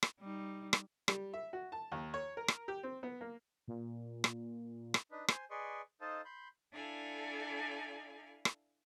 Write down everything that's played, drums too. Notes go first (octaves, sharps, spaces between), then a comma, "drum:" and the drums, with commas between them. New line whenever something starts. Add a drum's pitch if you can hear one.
drum: rim click
G3 D#4
drum: rim click
G3, drum: rim click
E5
F#4
A5
D#2
C#5
A#4
drum: rim click
G4
C4
B3
A#3
A#2
drum: rim click
drum: rim click
D4 D#4 B4
C5 G#5 C6, drum: rim click
G#4 B4 D5 D#5 C6 C#6
D#4 A4 C5 D#5 F5 A5
B5 C6 G6
D4 E4 A4 D5 F5 G#5
drum: rim click